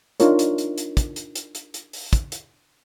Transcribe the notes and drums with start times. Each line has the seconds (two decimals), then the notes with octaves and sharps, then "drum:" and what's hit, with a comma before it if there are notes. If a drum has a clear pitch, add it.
0.20 D4 D#4 F4 A#4 C#5, drum: hi-hat
0.39 drum: hi-hat
0.58 drum: hi-hat
0.78 drum: hi-hat
0.97 drum: kick, hi-hat
1.16 drum: hi-hat
1.35 drum: hi-hat
1.55 drum: hi-hat
1.74 drum: hi-hat
1.93 drum: open hi-hat
2.13 drum: kick, hi-hat
2.32 drum: hi-hat